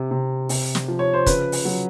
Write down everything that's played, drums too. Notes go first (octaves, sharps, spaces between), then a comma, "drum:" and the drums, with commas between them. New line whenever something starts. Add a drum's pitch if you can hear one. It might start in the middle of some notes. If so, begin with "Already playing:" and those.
Already playing: C3
C3
C3, drum: open hi-hat
drum: snare
F3
C#5
C5
C#3 B4, drum: kick, hi-hat
drum: open hi-hat
F#3